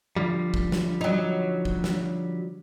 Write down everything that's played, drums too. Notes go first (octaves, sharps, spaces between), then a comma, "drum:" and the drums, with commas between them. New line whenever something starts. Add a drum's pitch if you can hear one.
D3 F3 G3
drum: kick
drum: snare
F#3 D#4
drum: kick
drum: snare